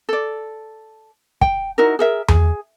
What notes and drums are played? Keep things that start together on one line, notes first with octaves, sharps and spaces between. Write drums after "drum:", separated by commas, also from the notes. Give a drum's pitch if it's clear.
A4 D5
G5, drum: kick
D#4 E4 F#4 A#4
G#4 A#4 E5
G#4, drum: tom E2